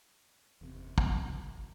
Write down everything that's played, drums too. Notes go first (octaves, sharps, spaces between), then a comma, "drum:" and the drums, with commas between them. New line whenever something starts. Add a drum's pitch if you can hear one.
F#1 E2 C3
drum: kick